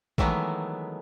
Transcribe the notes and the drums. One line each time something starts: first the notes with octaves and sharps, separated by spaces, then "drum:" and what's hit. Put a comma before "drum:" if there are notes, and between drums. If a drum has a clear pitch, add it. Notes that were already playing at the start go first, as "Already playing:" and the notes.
D#3 E3 F#3 G#3 A3 B3, drum: kick